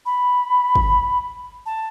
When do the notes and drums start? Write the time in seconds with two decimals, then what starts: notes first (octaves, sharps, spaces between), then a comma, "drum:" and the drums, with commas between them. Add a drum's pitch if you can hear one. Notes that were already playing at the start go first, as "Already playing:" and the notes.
0.06 B5
0.75 drum: kick
1.66 A5